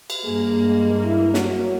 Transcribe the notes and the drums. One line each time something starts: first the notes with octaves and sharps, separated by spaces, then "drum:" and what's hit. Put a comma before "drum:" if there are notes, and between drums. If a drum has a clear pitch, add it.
drum: cymbal
G2 A#3 G#4
G#3
E4
F#3, drum: snare